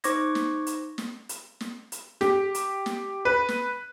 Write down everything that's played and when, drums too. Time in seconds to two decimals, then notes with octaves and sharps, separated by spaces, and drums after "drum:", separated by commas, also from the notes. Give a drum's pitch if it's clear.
0.04 D#4 C5 C#6 D6 G#6 A#6, drum: hi-hat
0.35 drum: snare
0.67 drum: hi-hat
0.98 drum: snare
1.29 drum: hi-hat
1.61 drum: snare
1.92 drum: hi-hat
2.21 G4, drum: snare
2.55 drum: hi-hat
2.86 drum: snare
3.25 B4
3.49 drum: snare